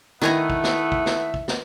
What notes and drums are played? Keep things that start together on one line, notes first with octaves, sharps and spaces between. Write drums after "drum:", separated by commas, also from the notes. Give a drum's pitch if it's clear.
D#3 A3 B3 E4 E5 G#5 A#5, drum: snare
drum: kick
drum: snare
drum: kick
drum: snare
drum: kick
drum: snare